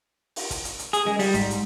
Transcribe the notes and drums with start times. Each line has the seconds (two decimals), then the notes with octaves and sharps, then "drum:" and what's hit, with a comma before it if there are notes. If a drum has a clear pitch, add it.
0.36 drum: open hi-hat
0.50 drum: kick, hi-hat
0.65 drum: hi-hat
0.79 drum: hi-hat
0.93 G#4, drum: hi-hat
1.06 G#3, drum: snare C#4
1.19 G3, drum: open hi-hat
1.34 G#2, drum: kick, hi-hat
1.50 drum: hi-hat